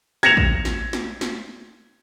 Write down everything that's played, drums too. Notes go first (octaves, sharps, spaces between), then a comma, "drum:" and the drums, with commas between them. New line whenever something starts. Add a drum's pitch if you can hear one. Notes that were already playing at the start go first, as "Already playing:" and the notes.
G#6 A#6 C#7 E7 F7, drum: snare
drum: kick
drum: snare
drum: snare
drum: snare